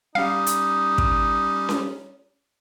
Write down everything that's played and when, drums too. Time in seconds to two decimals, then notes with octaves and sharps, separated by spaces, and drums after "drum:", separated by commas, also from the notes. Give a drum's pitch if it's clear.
0.15 G3 C#4 D#4 G4 F5
0.47 drum: hi-hat
0.98 drum: kick
1.69 drum: snare C#4